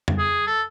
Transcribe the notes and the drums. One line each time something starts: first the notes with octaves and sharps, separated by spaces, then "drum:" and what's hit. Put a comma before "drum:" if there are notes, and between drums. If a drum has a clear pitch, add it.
drum: tom F2
G#4
A4